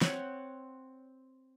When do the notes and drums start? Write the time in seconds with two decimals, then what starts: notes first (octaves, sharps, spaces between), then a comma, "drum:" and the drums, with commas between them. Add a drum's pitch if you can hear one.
0.02 C4 C#5 F#5, drum: snare